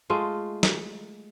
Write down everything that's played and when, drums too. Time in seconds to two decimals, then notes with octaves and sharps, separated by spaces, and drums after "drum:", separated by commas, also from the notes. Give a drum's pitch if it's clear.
0.10 G#3 A3 F4
0.63 drum: snare